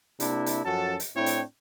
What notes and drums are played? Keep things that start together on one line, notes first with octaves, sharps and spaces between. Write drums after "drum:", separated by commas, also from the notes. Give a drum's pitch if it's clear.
C3 A#3 D4 E4, drum: hi-hat
drum: hi-hat
F#2 F3 C#4 F#4 A4 A5
drum: hi-hat
A2 C4 D4 E4 C#5 G5
drum: hi-hat